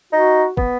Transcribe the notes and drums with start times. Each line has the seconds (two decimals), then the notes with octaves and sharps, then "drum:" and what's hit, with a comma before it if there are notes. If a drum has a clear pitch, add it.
0.13 D#4 F#4
0.57 B3, drum: kick